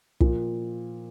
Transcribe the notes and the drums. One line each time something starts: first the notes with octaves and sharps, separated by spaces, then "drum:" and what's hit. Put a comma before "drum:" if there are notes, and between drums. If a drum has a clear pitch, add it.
A#2 F3, drum: kick